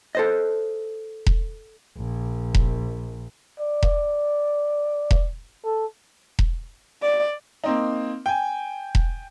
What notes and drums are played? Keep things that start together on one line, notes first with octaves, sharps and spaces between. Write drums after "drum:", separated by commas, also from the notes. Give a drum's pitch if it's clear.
A4 C5 D#5
drum: kick E1
A#1
drum: kick E1
D5
drum: kick E1
drum: kick E1
A4
drum: kick E1
D5
A#3 C4 D#4
G5 G#5
drum: kick E1